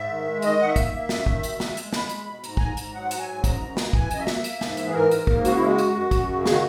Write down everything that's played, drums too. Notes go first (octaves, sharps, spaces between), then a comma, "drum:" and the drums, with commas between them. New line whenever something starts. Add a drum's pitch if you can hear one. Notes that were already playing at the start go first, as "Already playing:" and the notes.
Already playing: G#2 E5
D#3
G#3
D#3 D#5, drum: hi-hat
D#3 F#5
E5
A#3, drum: kick, hi-hat
A#3
F#2, drum: snare
D#3, drum: kick
B2, drum: hi-hat
G#3, drum: snare
G#3, drum: hi-hat
G#3 B5, drum: snare
G#3, drum: hi-hat
B2
G#2 A#5, drum: hi-hat
G#2 G#5, drum: kick
A#5
G#2, drum: hi-hat
F#3 F#5
F#3 A#5, drum: hi-hat
G#5
G#2
F#2 A#5, drum: kick, hi-hat
F#2
A#5
A#3, drum: snare
E3 G#5, drum: kick
F#2 D#5, drum: hi-hat
E5
A#3, drum: snare
A#3, drum: hi-hat
G#2, drum: snare
E3, drum: hi-hat
G#4
G#2 A#4
G#2, drum: hi-hat
A#3, drum: kick
C#3 F#4, drum: hi-hat
E4
G#3
F#4
F#2, drum: hi-hat
F#2
F#2, drum: kick, hi-hat
C#3
D#3 G#4, drum: snare
F#4